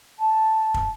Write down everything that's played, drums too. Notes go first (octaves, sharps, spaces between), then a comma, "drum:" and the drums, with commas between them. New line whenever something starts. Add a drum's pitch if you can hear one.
A5
drum: kick